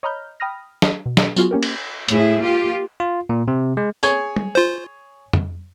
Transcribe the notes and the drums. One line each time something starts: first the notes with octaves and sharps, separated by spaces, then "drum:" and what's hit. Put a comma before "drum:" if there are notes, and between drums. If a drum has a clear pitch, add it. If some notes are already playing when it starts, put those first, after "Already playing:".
C#5 D#5 A#5 B5 F6 G6
G5 B5 D#6 F6 A#6
drum: snare
B2
drum: snare
F#3 B3 F4 F#4 G#4, drum: tambourine
A#3 C#4 G4 A#4
drum: cymbal
A2 E4 G#4, drum: hi-hat
A#3 F4 G4
F4
A#2
C3
G#3
G#4 C#5 G#5, drum: tambourine
drum: tom G3
F4 C5
drum: tom F2